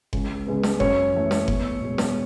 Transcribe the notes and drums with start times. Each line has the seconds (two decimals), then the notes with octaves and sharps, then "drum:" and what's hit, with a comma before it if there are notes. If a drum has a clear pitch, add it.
0.13 C#2, drum: kick F#1
0.47 C#3 G#3 B3
0.63 drum: snare
0.80 F#2 C#5, drum: kick F#1
1.14 E3 A3
1.31 drum: snare
1.48 E2, drum: kick F#1
1.81 B2 G#3
1.98 drum: snare